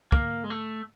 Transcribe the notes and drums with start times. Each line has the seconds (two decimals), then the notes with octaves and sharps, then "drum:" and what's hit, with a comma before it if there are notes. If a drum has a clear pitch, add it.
0.12 A#3, drum: kick
0.44 G#3
0.50 A3